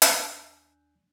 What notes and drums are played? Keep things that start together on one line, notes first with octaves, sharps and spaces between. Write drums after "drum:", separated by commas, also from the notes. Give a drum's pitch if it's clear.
D#2 D4 G#5 E6 F#6 G6, drum: hi-hat